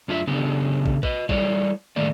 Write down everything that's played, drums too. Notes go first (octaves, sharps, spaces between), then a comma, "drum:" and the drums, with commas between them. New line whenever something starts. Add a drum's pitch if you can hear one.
F#2 D4 F4 E5
C#3 B3 D4 G4 A4
drum: kick
B4 D#5, drum: kick
G3 E4 A4 C#5 D5, drum: kick
A2 D#3 A3 A#3 D5